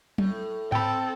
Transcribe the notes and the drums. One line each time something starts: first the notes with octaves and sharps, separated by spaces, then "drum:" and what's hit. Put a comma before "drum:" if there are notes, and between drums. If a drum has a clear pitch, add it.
A2, drum: tom F#3
C4 A4 G5 B5, drum: tom G#2